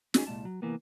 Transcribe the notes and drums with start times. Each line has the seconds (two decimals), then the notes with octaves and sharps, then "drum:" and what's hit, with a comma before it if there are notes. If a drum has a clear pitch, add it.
0.14 C#4 D#4 F#4 G#4, drum: snare
0.27 C2 A#2 G#3 A5
0.45 F#3
0.62 C2 E3 A#3 B3